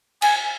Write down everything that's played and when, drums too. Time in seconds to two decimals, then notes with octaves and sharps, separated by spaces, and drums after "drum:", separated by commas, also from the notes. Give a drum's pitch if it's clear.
0.22 G#5, drum: cymbal